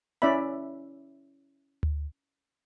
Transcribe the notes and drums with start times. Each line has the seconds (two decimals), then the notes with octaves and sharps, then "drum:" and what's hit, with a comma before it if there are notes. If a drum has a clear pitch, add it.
0.22 C#4 E4 D5 E5 B5
1.83 drum: tom D2